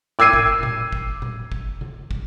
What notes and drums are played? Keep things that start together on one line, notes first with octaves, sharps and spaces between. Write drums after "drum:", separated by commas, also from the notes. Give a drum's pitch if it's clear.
D6 E6 G#6 C7 D#7
drum: kick
drum: tom A#2
drum: kick
drum: tom A#2
drum: kick
drum: tom C#3
drum: kick